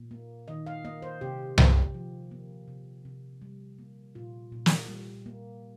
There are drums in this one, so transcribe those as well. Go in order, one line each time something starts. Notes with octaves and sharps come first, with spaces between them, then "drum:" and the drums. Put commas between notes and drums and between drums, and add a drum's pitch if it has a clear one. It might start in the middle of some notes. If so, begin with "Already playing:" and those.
Already playing: A#2
A#3
D#3 D#5
F5
A#3 D#5
C5
C3 G4
C3, drum: tom C2
F3
A#3
C3
C3
G3
A#3
A#2 F4
A#2
drum: snare
G3
A#3